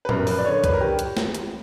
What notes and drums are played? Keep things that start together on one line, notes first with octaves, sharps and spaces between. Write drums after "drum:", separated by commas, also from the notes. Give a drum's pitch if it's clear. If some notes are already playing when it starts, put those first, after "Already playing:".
B4
F#2 A#4, drum: tom
B4, drum: open hi-hat
D5
D3 C#5
B4, drum: kick, hi-hat
A#4
G4
drum: hi-hat
drum: snare
drum: hi-hat